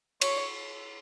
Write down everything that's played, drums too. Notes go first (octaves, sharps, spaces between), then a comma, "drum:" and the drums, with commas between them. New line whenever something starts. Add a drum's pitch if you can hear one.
C#5, drum: cymbal